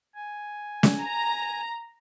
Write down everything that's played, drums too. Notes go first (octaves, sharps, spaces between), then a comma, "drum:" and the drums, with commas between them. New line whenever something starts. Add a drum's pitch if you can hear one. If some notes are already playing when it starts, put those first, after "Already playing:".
G#5
drum: snare
A#5